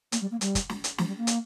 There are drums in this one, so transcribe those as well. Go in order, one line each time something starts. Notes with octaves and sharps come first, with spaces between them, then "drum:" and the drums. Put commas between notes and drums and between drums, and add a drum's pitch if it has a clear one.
A#3, drum: hi-hat
G3
A#3
G3, drum: hi-hat
drum: kick, hi-hat
drum: snare
drum: hi-hat
F3, drum: snare
G3
A#3
drum: hi-hat